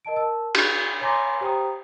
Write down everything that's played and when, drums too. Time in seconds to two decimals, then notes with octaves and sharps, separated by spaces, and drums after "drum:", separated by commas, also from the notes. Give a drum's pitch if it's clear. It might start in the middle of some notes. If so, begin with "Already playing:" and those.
0.05 A#4 D#5 A5 D7
0.16 A#4 A5 E6
0.55 D4 F#4 G#4 F#6, drum: cymbal
1.01 C#5 G#5 A#5 C6 D6 A#6
1.41 G4 C5 G5 A#5 D#6